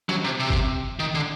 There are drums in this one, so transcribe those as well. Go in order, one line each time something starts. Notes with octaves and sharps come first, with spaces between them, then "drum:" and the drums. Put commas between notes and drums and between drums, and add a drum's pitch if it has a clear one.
F#3, drum: snare
C3
C3
drum: kick G1
D#3
D3